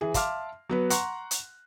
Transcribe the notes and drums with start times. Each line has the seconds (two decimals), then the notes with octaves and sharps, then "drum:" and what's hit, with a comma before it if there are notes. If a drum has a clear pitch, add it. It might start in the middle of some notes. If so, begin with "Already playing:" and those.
0.01 E3 G#4
0.14 E5 F5 A5 C6 D6 F6, drum: kick, hi-hat
0.69 F#3 B3 B4
0.90 F#5 A#5 C6 C#6 F#6, drum: hi-hat
1.31 drum: hi-hat